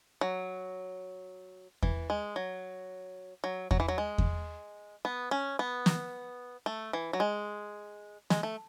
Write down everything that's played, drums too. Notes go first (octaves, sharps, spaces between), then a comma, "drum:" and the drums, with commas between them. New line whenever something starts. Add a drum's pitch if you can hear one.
F#3
E3, drum: kick E2
G#3
F#3
F#3
F#3, drum: kick E2
E3
F#3
G#3
drum: kick E2
B3
C#4
B3
drum: snare
A3
E3
F#3
G#3
G#3, drum: snare
A3